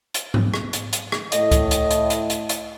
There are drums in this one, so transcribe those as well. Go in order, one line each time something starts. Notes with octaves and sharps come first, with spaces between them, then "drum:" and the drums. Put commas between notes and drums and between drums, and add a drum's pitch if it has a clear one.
drum: hi-hat
drum: tom G#2
drum: rim click
drum: hi-hat
drum: hi-hat
drum: rim click
A2 D#5, drum: hi-hat
drum: kick C#2, hi-hat
drum: hi-hat
drum: hi-hat
drum: hi-hat
drum: hi-hat
drum: hi-hat